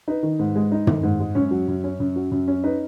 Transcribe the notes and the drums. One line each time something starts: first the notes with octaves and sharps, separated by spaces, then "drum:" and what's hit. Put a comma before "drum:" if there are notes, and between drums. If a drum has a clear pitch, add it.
D#4 B4
D#3
G#2
G#3
D#4
D#3, drum: tom
G#2
G#3
F#2 C#4 C#5
F#3
F#2
C#4
F#2
F#3
F#2
C#4
D#4 B4